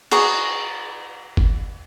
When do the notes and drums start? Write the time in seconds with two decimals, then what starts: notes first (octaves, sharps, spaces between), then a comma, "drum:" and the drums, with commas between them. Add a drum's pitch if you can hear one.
0.11 F#4 G#4 A#5 C#6, drum: cymbal
1.37 drum: kick F#1